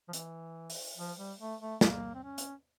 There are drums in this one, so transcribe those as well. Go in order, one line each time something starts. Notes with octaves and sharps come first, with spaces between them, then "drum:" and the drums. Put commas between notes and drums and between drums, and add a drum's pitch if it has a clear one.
F3
E3, drum: hi-hat
drum: open hi-hat
F3
G3
A3
A3
A#3, drum: snare
C4
C#4
drum: hi-hat